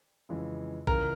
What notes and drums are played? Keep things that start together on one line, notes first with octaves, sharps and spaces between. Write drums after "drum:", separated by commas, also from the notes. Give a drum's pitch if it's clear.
F2 C#3 E3 G#3
C#2 C#3 E3 A#4, drum: kick A#1